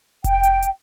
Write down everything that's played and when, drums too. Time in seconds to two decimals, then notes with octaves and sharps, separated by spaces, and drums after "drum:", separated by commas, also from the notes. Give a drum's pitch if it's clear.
0.24 G5, drum: kick F1, hi-hat
0.43 drum: hi-hat
0.62 drum: hi-hat